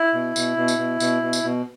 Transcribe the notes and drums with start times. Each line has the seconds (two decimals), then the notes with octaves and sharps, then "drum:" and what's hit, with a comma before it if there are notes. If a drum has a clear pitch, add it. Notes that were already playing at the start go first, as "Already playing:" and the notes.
Already playing: E4
0.14 B2
0.36 B2, drum: tambourine
0.57 B2
0.68 drum: tambourine
0.78 B2
1.00 B2, drum: tambourine
1.22 B2
1.33 drum: tambourine
1.43 B2